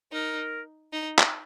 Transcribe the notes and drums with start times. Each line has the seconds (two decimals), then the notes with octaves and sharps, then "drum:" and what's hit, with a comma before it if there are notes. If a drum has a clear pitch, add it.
0.12 D#4 A#4
0.93 D#4
1.19 drum: clap